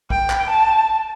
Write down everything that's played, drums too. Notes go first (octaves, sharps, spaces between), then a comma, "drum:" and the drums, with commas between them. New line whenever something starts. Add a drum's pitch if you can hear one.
G5, drum: kick
drum: clap
A5